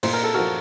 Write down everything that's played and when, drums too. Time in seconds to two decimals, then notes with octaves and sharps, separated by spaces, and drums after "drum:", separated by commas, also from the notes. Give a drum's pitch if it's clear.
0.03 A#2 C5, drum: cymbal
0.13 A#4
0.24 A4
0.34 F3 F#4 A#4